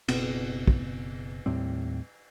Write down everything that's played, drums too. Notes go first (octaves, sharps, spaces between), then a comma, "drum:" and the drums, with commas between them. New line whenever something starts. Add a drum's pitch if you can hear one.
F#1 B2 B3 C4, drum: cymbal
drum: kick
D#2 A2 G3 C4